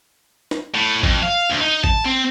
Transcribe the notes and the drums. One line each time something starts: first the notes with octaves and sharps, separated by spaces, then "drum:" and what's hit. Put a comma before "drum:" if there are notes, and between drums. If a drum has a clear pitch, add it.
drum: snare
A2
F2, drum: kick G#1
F5
D2
D#4
A5, drum: kick G#1
C4